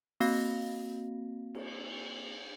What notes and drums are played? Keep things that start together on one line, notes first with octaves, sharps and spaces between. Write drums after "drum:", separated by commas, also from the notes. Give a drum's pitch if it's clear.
A#3 C4 F#4 F5 A#6, drum: open hi-hat
drum: cymbal